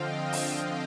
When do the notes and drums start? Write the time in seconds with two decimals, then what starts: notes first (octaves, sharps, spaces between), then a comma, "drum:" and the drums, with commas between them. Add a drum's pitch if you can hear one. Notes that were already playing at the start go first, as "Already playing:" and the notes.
Already playing: D3 F3 C4 D#5 F5 G5
0.33 drum: open hi-hat